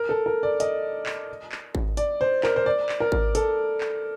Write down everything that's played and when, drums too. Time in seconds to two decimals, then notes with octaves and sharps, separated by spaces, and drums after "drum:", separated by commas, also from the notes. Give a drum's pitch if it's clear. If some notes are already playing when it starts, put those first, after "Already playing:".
Already playing: A#4
0.09 A4
0.26 A#4
0.43 D5
0.60 D#5, drum: hi-hat
1.06 drum: clap
1.52 drum: clap
1.75 drum: kick G#1
1.97 D5, drum: hi-hat
2.21 C5
2.43 A#4, drum: clap
2.56 C5
2.66 D5
2.89 drum: clap
3.00 A#4
3.12 drum: kick G#1
3.35 A4, drum: hi-hat
3.81 drum: clap